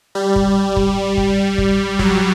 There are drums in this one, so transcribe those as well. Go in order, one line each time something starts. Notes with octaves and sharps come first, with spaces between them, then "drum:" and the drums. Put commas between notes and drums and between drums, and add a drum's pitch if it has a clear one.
G3
drum: kick
drum: kick
drum: kick
drum: kick
F#3, drum: kick